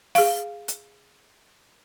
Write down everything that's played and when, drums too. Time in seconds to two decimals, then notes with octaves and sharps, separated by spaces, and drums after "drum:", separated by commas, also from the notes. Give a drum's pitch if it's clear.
0.15 G#4 F5, drum: open hi-hat
0.68 drum: hi-hat